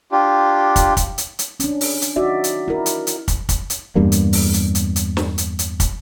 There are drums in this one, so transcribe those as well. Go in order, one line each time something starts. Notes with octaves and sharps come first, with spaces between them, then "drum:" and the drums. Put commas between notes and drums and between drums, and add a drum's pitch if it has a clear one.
D4 F4 G4
drum: kick, hi-hat
drum: kick, hi-hat
drum: hi-hat
drum: hi-hat
C#4 D4, drum: hi-hat
drum: open hi-hat
drum: hi-hat
D#4 F#4 D5 E5
drum: hi-hat
E4 A#4
drum: hi-hat
drum: hi-hat
drum: kick, hi-hat
drum: kick, hi-hat
drum: hi-hat
E2 G2 G3 A#3
drum: hi-hat
drum: open hi-hat
drum: hi-hat
drum: hi-hat
drum: hi-hat
drum: snare
drum: hi-hat
drum: hi-hat
drum: kick, hi-hat